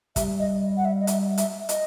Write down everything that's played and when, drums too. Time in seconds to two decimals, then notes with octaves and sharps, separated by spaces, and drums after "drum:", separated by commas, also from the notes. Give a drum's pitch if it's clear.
0.16 G3 E5, drum: kick, hi-hat
0.39 D#5
0.77 F#5
0.85 E5
1.01 D#5
1.07 E5, drum: hi-hat
1.38 E5, drum: hi-hat
1.69 D#5, drum: hi-hat